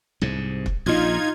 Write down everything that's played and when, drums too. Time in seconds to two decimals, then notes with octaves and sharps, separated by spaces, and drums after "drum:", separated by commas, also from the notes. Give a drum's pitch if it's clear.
0.21 C2 G#2 C3
0.66 drum: kick
0.86 A#1 A#2 D#4 F4 G#6